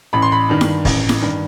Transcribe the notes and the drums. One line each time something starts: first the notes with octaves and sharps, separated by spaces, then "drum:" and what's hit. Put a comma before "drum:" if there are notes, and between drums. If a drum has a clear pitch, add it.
A1 B5
C6
B5
G2 D#3
drum: snare E4
A1, drum: kick, open hi-hat
drum: snare E4
G2 D#3